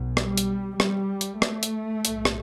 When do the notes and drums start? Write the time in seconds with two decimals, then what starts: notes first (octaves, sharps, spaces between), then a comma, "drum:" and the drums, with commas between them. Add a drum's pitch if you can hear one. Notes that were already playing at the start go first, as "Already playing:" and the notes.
Already playing: B1 B2
0.17 G3, drum: rim click
0.38 drum: hi-hat
0.80 G3, drum: rim click
1.21 drum: hi-hat
1.42 A3, drum: rim click
1.63 drum: hi-hat
2.05 B1 A2, drum: hi-hat
2.25 drum: rim click